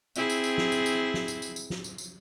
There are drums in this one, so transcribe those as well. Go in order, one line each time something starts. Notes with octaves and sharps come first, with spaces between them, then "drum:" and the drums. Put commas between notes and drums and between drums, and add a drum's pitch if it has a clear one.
C4 E4 G#4, drum: tambourine
drum: tambourine
drum: tambourine
drum: snare
drum: tambourine
drum: tambourine
drum: snare
drum: tambourine
drum: tambourine
drum: tambourine
drum: snare
drum: tambourine
drum: tambourine